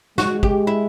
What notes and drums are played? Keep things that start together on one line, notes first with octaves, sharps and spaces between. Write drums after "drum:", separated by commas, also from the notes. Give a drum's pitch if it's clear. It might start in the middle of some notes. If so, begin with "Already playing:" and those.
G#3 F#4, drum: snare
G4, drum: kick
E4